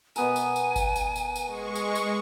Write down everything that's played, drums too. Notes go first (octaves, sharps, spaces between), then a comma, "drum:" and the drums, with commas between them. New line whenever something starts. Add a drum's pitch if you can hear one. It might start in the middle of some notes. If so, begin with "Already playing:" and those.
B2 B3 A#4 G#5, drum: tambourine
drum: tambourine
drum: tambourine
drum: kick G1, tambourine
drum: tambourine
drum: tambourine
drum: tambourine
G#3 C#6
drum: tambourine
drum: tambourine